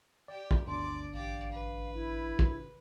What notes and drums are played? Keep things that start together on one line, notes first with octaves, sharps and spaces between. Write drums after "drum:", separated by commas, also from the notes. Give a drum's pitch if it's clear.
G4 D5 G5
drum: kick
G1 D2 D4 D5 C6 D6
A1 G4 D5 F5
B4
E4
drum: kick